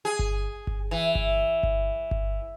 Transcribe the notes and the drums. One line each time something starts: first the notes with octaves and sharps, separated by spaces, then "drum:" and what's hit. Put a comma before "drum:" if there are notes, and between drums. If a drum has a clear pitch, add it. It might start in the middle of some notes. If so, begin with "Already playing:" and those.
G#4
drum: kick G1
drum: kick G1
E3
drum: kick G1
drum: kick G1
drum: kick G1